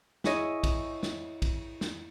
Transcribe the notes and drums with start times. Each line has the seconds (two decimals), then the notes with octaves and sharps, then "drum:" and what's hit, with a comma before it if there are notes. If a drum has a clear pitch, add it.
0.24 E4 G#4 C#5 D#5 E5, drum: snare
0.64 drum: kick, cymbal
1.03 drum: snare
1.42 drum: kick, cymbal
1.81 drum: snare